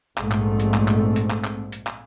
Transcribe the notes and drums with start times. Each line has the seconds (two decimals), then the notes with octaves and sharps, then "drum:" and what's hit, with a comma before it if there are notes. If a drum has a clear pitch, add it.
0.17 A#1 G#2 A3 C4, drum: clap
0.31 drum: clap
0.60 drum: hi-hat
0.74 drum: clap
0.88 drum: clap
1.16 drum: hi-hat
1.30 drum: clap
1.44 drum: clap
1.72 drum: hi-hat
1.87 drum: clap